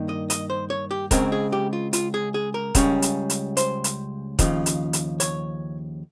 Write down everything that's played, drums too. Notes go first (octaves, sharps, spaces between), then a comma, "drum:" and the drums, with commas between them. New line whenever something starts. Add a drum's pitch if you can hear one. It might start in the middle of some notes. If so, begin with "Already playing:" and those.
Already playing: G2 D#3 A#3 D#4
D#5
D#5, drum: hi-hat
C5
C#5
G4
C#2 C#3 G#3 C4 A#4, drum: kick, hi-hat
G#4
G4
F4
F4, drum: hi-hat
G#4
G#4
A#4
C#2 C#3 G3 C#4, drum: kick, hi-hat
drum: hi-hat
drum: hi-hat
C5, drum: hi-hat
drum: hi-hat
D#2 C#3 F3, drum: kick, hi-hat
drum: hi-hat
drum: hi-hat
C#5, drum: hi-hat